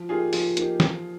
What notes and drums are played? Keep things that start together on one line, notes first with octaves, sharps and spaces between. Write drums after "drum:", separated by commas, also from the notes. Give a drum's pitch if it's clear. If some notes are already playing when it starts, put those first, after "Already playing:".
Already playing: F3
A#3 D#4 F4 G4 G#4
F3 F4 G#4, drum: open hi-hat
A#3 D#4 G4, drum: hi-hat
F3, drum: snare